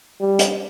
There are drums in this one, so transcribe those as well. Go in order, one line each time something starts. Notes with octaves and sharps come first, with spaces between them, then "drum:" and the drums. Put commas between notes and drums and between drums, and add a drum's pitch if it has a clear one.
G3
drum: hi-hat